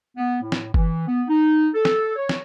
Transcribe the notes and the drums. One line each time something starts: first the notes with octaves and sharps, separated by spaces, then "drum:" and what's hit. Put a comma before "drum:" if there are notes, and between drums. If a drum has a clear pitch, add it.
B3
A2
drum: snare
E3, drum: kick F#1
B3
D#4
A4
drum: snare
C#5
drum: snare